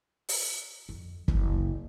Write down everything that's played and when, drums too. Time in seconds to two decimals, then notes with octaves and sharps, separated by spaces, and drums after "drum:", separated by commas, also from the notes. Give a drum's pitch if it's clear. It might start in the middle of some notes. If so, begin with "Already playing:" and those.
0.29 drum: open hi-hat
0.89 F2
1.28 F#1 C#2, drum: kick